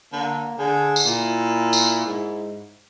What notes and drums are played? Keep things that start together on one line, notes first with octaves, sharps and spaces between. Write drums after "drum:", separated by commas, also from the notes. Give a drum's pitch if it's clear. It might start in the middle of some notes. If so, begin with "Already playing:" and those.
D3 A#3
D3 G#4
drum: tambourine
A#2 E4
drum: tambourine
G#2